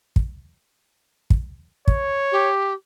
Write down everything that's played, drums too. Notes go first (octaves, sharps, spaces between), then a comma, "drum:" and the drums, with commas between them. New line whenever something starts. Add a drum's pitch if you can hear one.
drum: kick
drum: kick
C#5, drum: kick
G4